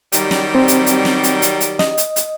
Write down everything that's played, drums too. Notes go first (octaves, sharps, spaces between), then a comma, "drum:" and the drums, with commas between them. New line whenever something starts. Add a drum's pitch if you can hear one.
D#3 F#3 G3, drum: hi-hat
drum: snare
C4
drum: hi-hat
drum: hi-hat
drum: snare
drum: hi-hat
drum: hi-hat
drum: hi-hat
D#5, drum: snare
drum: hi-hat
drum: hi-hat